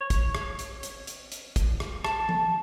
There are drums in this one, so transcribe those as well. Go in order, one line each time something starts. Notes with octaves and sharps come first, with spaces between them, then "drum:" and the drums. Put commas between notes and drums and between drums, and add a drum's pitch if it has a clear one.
C#5
drum: kick, hi-hat
drum: rim click
drum: hi-hat
drum: hi-hat
drum: hi-hat
drum: hi-hat
drum: kick, hi-hat
drum: rim click
A5, drum: rim click
drum: tom F3